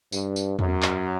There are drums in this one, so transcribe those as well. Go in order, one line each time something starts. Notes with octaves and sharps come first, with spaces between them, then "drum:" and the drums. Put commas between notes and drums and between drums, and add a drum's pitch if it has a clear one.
G2, drum: tambourine
drum: tambourine
F#2, drum: tom E2
drum: clap